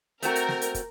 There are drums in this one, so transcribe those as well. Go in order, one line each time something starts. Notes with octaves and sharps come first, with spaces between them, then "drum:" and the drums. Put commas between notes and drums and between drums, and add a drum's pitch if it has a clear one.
A3 C4 F#4 A#4, drum: hi-hat
drum: hi-hat
drum: snare
drum: hi-hat
drum: kick, hi-hat